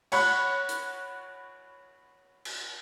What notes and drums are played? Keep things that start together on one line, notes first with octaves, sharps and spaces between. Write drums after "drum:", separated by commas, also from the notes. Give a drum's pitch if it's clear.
C#5 F#5 B5 F#6, drum: cymbal
drum: hi-hat
drum: cymbal